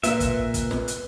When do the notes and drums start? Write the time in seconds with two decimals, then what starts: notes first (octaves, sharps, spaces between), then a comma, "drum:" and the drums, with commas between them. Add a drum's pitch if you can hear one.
0.03 A#2 B4 E5, drum: hi-hat
0.20 drum: kick, hi-hat
0.54 drum: kick, hi-hat
0.71 drum: snare
0.88 drum: hi-hat